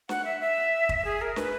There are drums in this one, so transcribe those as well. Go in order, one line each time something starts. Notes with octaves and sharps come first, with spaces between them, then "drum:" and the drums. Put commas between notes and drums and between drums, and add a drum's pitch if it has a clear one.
F#5, drum: snare
E5
E5
drum: kick
G#4
A#4
B4, drum: snare